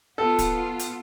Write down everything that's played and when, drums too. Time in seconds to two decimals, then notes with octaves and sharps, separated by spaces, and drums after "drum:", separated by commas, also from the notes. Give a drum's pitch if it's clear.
0.18 B3 F4 A4
0.39 drum: kick, hi-hat
0.79 drum: hi-hat